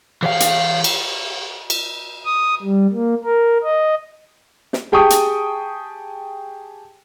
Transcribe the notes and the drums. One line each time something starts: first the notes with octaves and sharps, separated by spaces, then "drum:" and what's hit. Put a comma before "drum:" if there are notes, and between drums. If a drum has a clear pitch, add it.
E3 F5, drum: cymbal
drum: hi-hat
drum: cymbal
drum: cymbal
D#6
G3
A#3
A#4
D#5
drum: snare
G4 G#4 G5 A5 C#6 D#6
drum: hi-hat